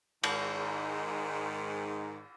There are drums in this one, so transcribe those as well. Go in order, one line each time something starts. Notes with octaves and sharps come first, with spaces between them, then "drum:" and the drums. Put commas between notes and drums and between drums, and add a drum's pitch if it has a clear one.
G#2 D#3, drum: cymbal